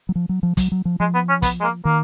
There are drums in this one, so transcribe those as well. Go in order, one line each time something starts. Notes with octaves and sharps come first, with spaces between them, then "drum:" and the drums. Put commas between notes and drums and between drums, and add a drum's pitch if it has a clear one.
F#3
F3
F#3
F3
F#3, drum: kick, hi-hat
F#3
F3
F3 G#3
B3
C#4
B3, drum: kick, hi-hat
G#3
A#3
D#3 A#3